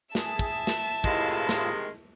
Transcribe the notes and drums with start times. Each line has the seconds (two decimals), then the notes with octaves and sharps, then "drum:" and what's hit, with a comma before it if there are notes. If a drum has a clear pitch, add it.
0.15 G#4 E5 A5, drum: snare
0.39 drum: kick
0.67 drum: snare
1.04 A2 C3 D#3 G#3 E4 F4, drum: kick
1.49 drum: snare